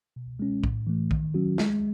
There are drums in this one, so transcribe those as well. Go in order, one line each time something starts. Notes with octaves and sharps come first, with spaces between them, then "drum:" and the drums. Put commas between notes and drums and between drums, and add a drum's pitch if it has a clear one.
B2
G#3 C#4
A2, drum: kick
E3 A3
D#3, drum: kick
F#3 C#4 F#4
G#3, drum: snare